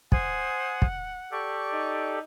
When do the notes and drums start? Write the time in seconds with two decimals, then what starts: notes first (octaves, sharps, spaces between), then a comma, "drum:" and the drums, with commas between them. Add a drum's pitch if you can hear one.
0.12 C5 F#5 G#5 D#6, drum: kick
0.82 drum: kick
1.31 G4 A4 D5 C#6
1.73 D#4